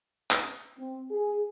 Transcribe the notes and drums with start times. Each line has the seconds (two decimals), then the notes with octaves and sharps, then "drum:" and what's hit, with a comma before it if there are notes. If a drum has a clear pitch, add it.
0.31 drum: clap
0.79 C4
1.11 G#4